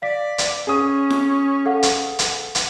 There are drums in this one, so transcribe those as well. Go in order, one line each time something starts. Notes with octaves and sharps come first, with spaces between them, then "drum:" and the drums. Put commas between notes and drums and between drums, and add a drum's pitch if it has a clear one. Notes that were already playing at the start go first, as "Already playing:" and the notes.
D5 F5 B6
drum: hi-hat
C#4 G#4 D#6
drum: snare
A4 F5 F#5
drum: hi-hat
drum: hi-hat
drum: hi-hat